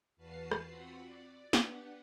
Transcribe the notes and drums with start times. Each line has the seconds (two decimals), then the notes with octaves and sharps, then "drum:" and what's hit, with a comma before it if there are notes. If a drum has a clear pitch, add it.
0.16 E2 F#4 B4 F5 A5 C7
0.51 drum: rim click
0.63 C4 F4 F#4 F#5 B5
1.01 D5
1.53 B3 D4 G4 B4 F#5, drum: snare